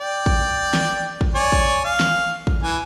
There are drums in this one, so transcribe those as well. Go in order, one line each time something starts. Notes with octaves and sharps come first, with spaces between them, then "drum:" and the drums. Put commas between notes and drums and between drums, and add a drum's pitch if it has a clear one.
D5 G5
drum: kick
drum: snare
drum: kick
C#5 D5 G#5
drum: kick
F5
drum: snare
drum: kick
E3 G#5